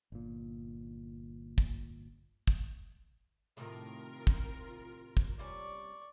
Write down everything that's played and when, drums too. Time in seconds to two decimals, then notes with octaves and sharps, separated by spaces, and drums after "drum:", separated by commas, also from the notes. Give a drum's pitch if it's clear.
0.12 G1 A#2
1.58 drum: kick
2.48 drum: kick
3.57 A2 C3 D#3 F4 A#4
4.27 drum: kick
5.17 drum: kick
5.39 C3 G3 C#4 D5 C#6